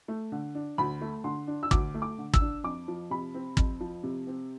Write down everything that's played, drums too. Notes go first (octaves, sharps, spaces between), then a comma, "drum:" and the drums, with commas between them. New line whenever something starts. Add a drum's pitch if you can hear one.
A3
D3
D4
D2 B5
A3
D3 C6
D4
E6
D2 D6, drum: kick
A3
D6
D3
E6, drum: kick
D4
F2 D6
F3
C3 B5
C4
F2, drum: kick
F3
C3
C4